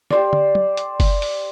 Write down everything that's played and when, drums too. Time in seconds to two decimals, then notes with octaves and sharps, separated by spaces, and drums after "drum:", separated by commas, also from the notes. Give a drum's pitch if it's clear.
0.10 G4 C5 D5, drum: snare
0.33 drum: tom
0.55 drum: tom
0.77 drum: hi-hat
1.00 drum: kick F#1, open hi-hat
1.22 drum: open hi-hat